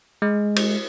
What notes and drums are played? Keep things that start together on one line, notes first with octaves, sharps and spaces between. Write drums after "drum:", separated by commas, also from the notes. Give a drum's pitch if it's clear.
G#3
drum: cymbal